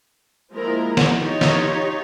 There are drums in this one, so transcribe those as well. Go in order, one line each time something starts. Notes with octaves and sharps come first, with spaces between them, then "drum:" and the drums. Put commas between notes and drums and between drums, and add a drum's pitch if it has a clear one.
F3 G#3 A#3 E4 A#4 A#5
drum: snare
D#4 F4 G4 C#5
drum: snare